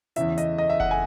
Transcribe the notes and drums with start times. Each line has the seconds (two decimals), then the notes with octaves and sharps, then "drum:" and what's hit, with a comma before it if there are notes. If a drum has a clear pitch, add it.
0.16 E2 C#3 E3 E5, drum: hi-hat
0.38 D#5, drum: hi-hat
0.58 D#5
0.70 E5
0.80 F#5, drum: kick F1
0.91 G#5